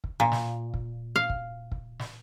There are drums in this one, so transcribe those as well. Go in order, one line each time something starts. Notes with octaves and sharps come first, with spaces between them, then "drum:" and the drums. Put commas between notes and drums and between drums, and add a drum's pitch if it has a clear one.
drum: kick
A#2
drum: snare
drum: kick
F5
drum: kick
drum: kick
drum: snare